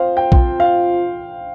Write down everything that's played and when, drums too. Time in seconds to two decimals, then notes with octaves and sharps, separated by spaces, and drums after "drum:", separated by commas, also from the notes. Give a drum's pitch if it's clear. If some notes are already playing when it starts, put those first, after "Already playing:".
Already playing: F3 C4 F4 C5 F5
0.17 G5
0.32 F3 C4 F4, drum: kick
0.60 F5